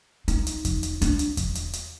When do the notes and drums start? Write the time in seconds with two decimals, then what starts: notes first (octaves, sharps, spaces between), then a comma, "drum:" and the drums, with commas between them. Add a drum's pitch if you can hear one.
0.28 D#4, drum: hi-hat
0.47 drum: hi-hat
0.65 drum: kick E2, hi-hat
0.83 drum: hi-hat
1.02 D4, drum: hi-hat
1.19 drum: hi-hat
1.37 drum: kick E2, hi-hat
1.55 drum: hi-hat
1.73 drum: hi-hat